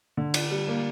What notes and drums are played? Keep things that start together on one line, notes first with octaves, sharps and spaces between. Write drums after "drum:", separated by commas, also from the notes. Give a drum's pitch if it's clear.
D3
D4, drum: cymbal
G3
A#3